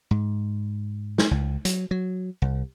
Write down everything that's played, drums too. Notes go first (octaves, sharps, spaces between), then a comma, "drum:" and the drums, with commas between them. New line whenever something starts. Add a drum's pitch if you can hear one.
G#2
drum: snare
C#2
F#3, drum: hi-hat
F#3
C2